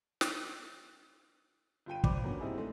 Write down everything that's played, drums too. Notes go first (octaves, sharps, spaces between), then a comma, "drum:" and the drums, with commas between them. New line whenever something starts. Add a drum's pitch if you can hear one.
drum: snare
G1 F4 G5 D#7
G1 C5 D5 B5 D6, drum: kick
F#3 A#3 B3 C#4 D4 F#4
G3 C4 D#4 E4 G#4
G#3 A3 C4